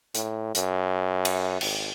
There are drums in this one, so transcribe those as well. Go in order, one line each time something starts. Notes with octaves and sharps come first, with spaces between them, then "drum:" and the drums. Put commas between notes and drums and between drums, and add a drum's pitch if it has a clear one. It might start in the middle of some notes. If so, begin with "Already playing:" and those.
A2, drum: hi-hat
F#2, drum: hi-hat
drum: cymbal
G#1, drum: cymbal